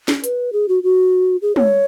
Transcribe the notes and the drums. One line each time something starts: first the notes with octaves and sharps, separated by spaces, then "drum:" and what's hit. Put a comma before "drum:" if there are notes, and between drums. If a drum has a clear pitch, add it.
drum: snare C#4
B4, drum: hi-hat
G#4
F#4
F#4
G#4
C#5, drum: tom